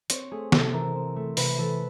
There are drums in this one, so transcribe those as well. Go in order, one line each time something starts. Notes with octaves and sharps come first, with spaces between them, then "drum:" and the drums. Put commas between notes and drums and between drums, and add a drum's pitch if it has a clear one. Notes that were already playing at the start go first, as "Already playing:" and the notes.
C4 C#5, drum: hi-hat
A3 G#4
C3 A4, drum: snare
E3 A#4
C4
A3
C3 B4, drum: open hi-hat
E3 A4